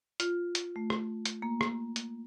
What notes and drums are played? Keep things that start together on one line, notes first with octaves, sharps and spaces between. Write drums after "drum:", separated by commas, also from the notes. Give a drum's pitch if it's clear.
F4, drum: hi-hat
drum: hi-hat
A3
drum: rim click
drum: hi-hat
A#3
drum: rim click
drum: hi-hat